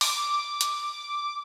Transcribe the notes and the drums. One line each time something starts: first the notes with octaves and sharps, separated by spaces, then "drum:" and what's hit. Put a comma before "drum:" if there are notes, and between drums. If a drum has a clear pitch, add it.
D6, drum: open hi-hat
drum: hi-hat